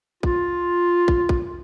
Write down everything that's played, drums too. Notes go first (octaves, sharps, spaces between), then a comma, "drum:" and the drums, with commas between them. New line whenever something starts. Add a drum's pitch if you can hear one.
F4, drum: kick
drum: kick
drum: kick